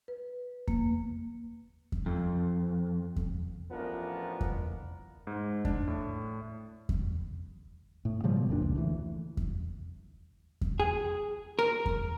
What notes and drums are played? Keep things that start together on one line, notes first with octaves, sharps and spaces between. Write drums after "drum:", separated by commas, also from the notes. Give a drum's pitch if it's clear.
B4
A#3, drum: kick E2
drum: kick E2
F2
drum: kick E2
A1 F3 B3 D4 A#4
drum: kick E2
G#2
D4, drum: kick E2
A2
drum: kick E2
A2
C#3 F3 G3 A#3
B2
D1 F2 A#2 D4
C#2
D2 E3
drum: kick E2
drum: kick E2
G#4
A#4
drum: kick E2